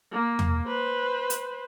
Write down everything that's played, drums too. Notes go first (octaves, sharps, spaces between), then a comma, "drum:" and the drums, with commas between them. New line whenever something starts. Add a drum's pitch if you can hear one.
A#3
drum: tom
B4 C5
drum: hi-hat